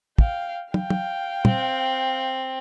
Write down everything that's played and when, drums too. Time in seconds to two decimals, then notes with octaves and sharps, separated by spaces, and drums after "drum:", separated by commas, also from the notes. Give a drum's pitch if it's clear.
0.18 F5 G5, drum: kick
0.74 F5 G5, drum: tom
0.90 drum: tom
1.45 C4, drum: tom